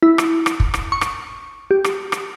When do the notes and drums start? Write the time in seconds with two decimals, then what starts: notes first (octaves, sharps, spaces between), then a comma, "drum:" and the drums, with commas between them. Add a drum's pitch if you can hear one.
0.03 E4
0.18 drum: rim click
0.46 drum: rim click
0.60 drum: kick
0.74 drum: rim click
0.92 C#6
1.01 drum: rim click
1.71 G4
1.84 drum: rim click
2.12 drum: rim click